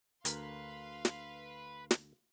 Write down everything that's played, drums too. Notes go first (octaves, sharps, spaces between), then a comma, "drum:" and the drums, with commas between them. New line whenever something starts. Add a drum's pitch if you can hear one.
D2 A#4 B4 F5 C6, drum: hi-hat
drum: snare
drum: snare